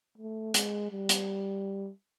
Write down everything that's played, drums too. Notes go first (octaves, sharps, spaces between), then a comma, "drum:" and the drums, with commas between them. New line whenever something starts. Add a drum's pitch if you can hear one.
A3
G#3, drum: hi-hat
G3
drum: hi-hat